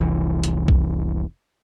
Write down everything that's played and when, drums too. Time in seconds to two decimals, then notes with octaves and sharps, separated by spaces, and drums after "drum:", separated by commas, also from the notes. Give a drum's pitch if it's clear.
0.01 F1 C2 E3
0.44 drum: hi-hat
0.68 drum: kick